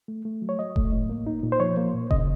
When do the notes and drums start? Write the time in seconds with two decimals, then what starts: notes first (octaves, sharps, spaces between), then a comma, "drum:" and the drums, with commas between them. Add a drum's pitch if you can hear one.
0.08 A3
0.25 A3
0.42 F#3
0.49 C#5
0.59 F#3 D#5
0.76 A3, drum: kick F1
0.93 A2
1.09 A#3
1.26 D#4
1.43 A#2
1.52 C5
1.60 F3 C#5
1.77 A#3
1.94 A#2
2.11 C#3 D#5, drum: kick F1